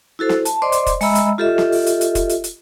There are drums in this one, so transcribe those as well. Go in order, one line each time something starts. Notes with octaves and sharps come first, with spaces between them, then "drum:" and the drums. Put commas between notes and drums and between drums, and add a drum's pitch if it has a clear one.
E4 F#4 A4 C5
drum: snare
A5, drum: hi-hat
C5 D5 D#5 C6 D6
drum: hi-hat
drum: kick, hi-hat
G#3 D#5 E5 A#5 B5 E6, drum: open hi-hat
drum: hi-hat
F4 G4 A4 D#5 E5
drum: snare
drum: open hi-hat
drum: hi-hat
drum: hi-hat
drum: kick, hi-hat
drum: hi-hat
drum: hi-hat